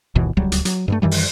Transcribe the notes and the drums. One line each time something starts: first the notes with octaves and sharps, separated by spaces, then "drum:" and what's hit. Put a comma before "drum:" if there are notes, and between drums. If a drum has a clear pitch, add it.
G1 D#2 B2 E3
D1 C#2 F#3 G3
drum: hi-hat
F#3, drum: hi-hat
G2 F#3 A3
F#2 D#3 E3 G3
drum: open hi-hat